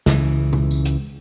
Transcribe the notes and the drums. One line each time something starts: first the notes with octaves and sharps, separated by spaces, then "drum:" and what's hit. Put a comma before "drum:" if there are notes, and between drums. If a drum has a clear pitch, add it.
C#2 C#3 E3, drum: snare
drum: tom
drum: tambourine
drum: hi-hat